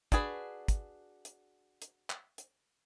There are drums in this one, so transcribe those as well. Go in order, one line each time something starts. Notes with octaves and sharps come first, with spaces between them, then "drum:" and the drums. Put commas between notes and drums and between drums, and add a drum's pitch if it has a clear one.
D4 F#4 G#4 B4, drum: kick, hi-hat
drum: kick, hi-hat
drum: hi-hat
drum: hi-hat
drum: clap
drum: hi-hat